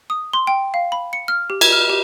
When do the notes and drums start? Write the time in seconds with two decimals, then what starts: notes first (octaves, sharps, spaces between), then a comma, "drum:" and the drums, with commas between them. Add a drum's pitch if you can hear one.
0.10 D#6
0.33 C6
0.47 G5
0.74 F5
0.92 B5
1.13 C#7
1.28 F6
1.50 G4
1.61 G#6, drum: cymbal
1.72 F6
1.89 G4